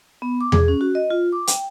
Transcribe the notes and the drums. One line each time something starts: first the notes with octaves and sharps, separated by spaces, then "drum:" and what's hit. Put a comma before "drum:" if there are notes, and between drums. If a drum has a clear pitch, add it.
B3
D6
G#4, drum: tom E2
C#4
F#4
D#5
F4
D6
G5, drum: hi-hat